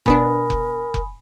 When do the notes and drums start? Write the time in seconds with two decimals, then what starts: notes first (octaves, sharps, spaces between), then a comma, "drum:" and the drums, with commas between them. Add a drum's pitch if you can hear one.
0.06 B2 B3 D4 A#4 G#5 B5 D#6, drum: kick F1
0.50 drum: kick F1
0.94 drum: kick F1